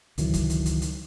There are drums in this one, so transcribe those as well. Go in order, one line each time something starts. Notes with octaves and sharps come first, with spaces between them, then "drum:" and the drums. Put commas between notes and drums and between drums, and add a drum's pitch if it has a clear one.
C#2 D#3 E3 F#3, drum: hi-hat
drum: kick, hi-hat
drum: hi-hat
drum: hi-hat
drum: hi-hat